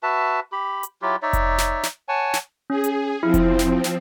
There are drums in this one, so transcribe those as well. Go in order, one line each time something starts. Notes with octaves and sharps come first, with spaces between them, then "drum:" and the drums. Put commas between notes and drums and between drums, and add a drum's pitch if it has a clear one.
F#4 B4 E5 A5
G4 B5
drum: hi-hat
F#3 E4 F4 G4
D#4 C#5 D5 E5
drum: kick F1, hi-hat
drum: snare
drum: snare
C#5 F#5 G#5 A5
drum: snare
C#4 G#4
drum: hi-hat
F3 C4 E4
drum: kick F1, hi-hat
drum: snare
drum: snare